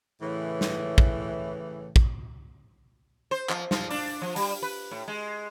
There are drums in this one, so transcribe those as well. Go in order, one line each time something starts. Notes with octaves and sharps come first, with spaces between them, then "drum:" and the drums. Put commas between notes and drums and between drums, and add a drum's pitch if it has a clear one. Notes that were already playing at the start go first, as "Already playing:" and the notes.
A2 C#3 E3
drum: snare
drum: kick
drum: kick
C5
F3, drum: clap
F3, drum: snare
D4, drum: open hi-hat
F3
G3, drum: open hi-hat
B4
A2
G#3